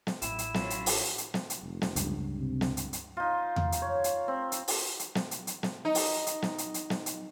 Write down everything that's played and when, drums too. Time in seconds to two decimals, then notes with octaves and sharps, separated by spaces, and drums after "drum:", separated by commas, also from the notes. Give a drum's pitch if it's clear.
0.07 drum: snare
0.22 A1 E4 E7, drum: hi-hat
0.38 drum: hi-hat
0.54 F#3 C#4 F4, drum: snare
0.70 drum: hi-hat
0.86 drum: open hi-hat
1.18 drum: hi-hat
1.34 drum: snare
1.50 drum: hi-hat
1.62 F1
1.82 drum: snare
1.96 C#2 G2, drum: hi-hat
2.38 C3
2.61 drum: snare
2.77 drum: hi-hat
2.93 drum: hi-hat
3.17 D#4 F4
3.56 drum: tom E2
3.72 drum: hi-hat
3.82 C#5
4.04 drum: hi-hat
4.28 C4
4.52 drum: hi-hat
4.68 drum: open hi-hat
4.99 drum: hi-hat
5.15 drum: snare
5.31 drum: hi-hat
5.47 drum: hi-hat
5.63 drum: snare
5.85 D#4
5.95 drum: open hi-hat
6.27 drum: hi-hat
6.42 drum: snare
6.58 drum: hi-hat
6.74 drum: hi-hat
6.90 drum: snare
7.06 drum: hi-hat